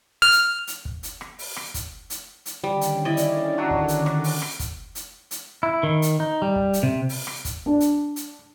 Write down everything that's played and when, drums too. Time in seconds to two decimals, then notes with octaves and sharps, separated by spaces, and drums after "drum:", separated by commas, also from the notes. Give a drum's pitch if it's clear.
0.22 F6
0.32 drum: hi-hat
0.67 drum: hi-hat
0.85 drum: kick
1.03 drum: hi-hat
1.21 drum: rim click
1.39 drum: open hi-hat
1.56 drum: rim click
1.74 drum: kick, hi-hat
2.10 drum: hi-hat
2.46 drum: hi-hat
2.64 D3 D#3 G3 C#4
2.81 drum: hi-hat
3.05 E4 D5 D#5
3.17 drum: hi-hat
3.57 F#3 D4 F#4
3.70 drum: kick
3.88 drum: hi-hat
4.06 drum: rim click
4.24 drum: open hi-hat
4.42 drum: rim click
4.60 drum: kick, hi-hat
4.95 drum: hi-hat
5.31 drum: hi-hat
5.63 E4
5.83 D#3
6.02 drum: hi-hat
6.20 D#4
6.42 G3
6.56 drum: kick
6.73 drum: hi-hat
6.83 C3
7.09 drum: open hi-hat
7.27 drum: rim click
7.45 drum: kick, hi-hat
7.66 D4
7.80 drum: hi-hat
8.16 drum: hi-hat